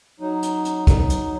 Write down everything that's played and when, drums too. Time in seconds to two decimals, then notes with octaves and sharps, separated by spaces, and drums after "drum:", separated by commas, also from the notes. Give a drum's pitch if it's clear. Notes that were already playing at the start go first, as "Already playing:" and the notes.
0.20 F#3 D#4
0.42 drum: hi-hat
0.65 drum: hi-hat
0.87 drum: kick, hi-hat
1.10 drum: hi-hat